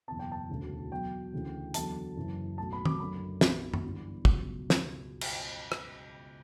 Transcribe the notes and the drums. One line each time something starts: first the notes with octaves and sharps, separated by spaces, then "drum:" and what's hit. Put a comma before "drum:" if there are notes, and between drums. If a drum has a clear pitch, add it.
F#1 E2 B2 A5
G5
A5
E1 D2 C#3 E3
E2 B2 F#3 G5
D2 C#3 E3
E2 D3 F#3 A5, drum: hi-hat
F#1 F#2 C#3 E3
B1 A2 F#3 A5
B5
D6, drum: tom D#3
F#1 F#2 D3 B5
B1 B2 F#3, drum: snare
drum: tom F#2
G1 G2 E3
C#2 B2 F#3, drum: kick
drum: snare
drum: cymbal
drum: rim click